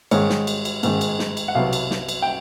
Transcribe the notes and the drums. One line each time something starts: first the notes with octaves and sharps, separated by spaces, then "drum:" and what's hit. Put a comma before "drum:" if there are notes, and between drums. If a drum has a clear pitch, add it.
G#2 D#3 G#3 C#5, drum: cymbal
drum: snare
drum: cymbal
drum: cymbal
G#2 D#3 G#3, drum: cymbal
drum: cymbal
drum: snare
drum: cymbal
F#5
C2 B2 F#3 B3 F5
drum: cymbal
drum: snare
drum: cymbal
G5